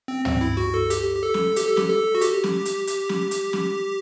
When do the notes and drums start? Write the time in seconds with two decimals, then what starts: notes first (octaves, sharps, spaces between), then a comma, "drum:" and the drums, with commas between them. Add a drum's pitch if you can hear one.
0.08 C4
0.25 C4, drum: tom
0.41 E4
0.57 F#4
0.74 A4
0.90 G4, drum: hi-hat
1.16 G4
1.23 A4
1.34 drum: snare
1.56 G4, drum: hi-hat
1.67 A4
1.77 G4, drum: snare
1.89 A4
2.15 F#4
2.21 G4, drum: hi-hat
2.44 drum: snare
2.65 drum: hi-hat
2.87 drum: hi-hat
3.09 drum: snare
3.31 drum: hi-hat
3.53 drum: snare